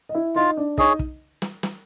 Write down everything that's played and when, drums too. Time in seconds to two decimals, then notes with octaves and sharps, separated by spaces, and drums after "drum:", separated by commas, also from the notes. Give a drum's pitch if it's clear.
0.09 D#5
0.15 E4 E5
0.36 D#4 F4 D#5
0.57 D4 D5
0.78 D#4 G#4 C#5 D#5, drum: kick
0.99 drum: kick
1.42 drum: snare
1.63 drum: snare